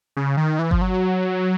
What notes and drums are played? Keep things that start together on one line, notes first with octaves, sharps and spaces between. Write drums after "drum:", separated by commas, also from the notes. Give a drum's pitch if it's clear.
C#3
D#3
E3
F3, drum: kick G1
F#3